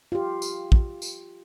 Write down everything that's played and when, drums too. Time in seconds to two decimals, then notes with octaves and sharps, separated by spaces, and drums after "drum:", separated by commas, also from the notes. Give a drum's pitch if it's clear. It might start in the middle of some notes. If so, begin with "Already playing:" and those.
0.12 F4 G4
0.42 drum: tambourine
0.72 drum: kick
1.02 drum: tambourine